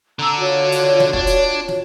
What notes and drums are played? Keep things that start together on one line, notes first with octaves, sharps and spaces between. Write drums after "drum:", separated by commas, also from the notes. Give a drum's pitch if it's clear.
D3 D4 A#5 E6
F4 F#4 C#5
drum: hi-hat
drum: snare
D4, drum: kick
drum: hi-hat
drum: snare